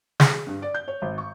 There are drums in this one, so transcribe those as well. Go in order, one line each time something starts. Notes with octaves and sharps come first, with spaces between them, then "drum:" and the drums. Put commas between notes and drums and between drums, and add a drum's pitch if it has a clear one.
G#4, drum: snare
G2
D5
G6
C#5
G#1
C#6